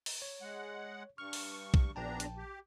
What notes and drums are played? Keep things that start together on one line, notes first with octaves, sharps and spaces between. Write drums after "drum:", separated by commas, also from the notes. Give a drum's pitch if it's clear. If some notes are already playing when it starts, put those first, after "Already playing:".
drum: open hi-hat
C#5
G#3 F#5
G2 C#6 F6
drum: open hi-hat
drum: kick B1
A#1 E2 D4 G5 A5 A#5
drum: hi-hat
G4